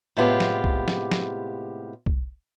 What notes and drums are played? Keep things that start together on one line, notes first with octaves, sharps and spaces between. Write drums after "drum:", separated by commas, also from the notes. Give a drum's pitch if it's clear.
A2 C3 G#3 B3 F4 G4
drum: snare
drum: kick B1
drum: snare
drum: snare
drum: kick B1